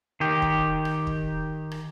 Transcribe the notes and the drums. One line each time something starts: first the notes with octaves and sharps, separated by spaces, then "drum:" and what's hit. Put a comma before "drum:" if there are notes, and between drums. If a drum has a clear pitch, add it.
D#3 G4
drum: kick
drum: rim click
drum: kick
drum: rim click